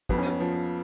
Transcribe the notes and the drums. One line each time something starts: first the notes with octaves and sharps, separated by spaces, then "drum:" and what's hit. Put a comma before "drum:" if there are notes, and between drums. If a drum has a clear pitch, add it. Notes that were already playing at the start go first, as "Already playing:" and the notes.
F2 B3, drum: kick
C#4
B3
F3